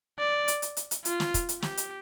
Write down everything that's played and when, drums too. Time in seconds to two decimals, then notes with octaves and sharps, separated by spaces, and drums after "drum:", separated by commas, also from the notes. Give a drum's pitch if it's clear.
0.19 D5
0.48 drum: hi-hat
0.62 drum: hi-hat
0.77 drum: hi-hat
0.91 drum: hi-hat
1.05 F4, drum: hi-hat
1.20 drum: snare
1.34 drum: kick, hi-hat
1.49 drum: hi-hat
1.62 G4, drum: snare
1.77 drum: hi-hat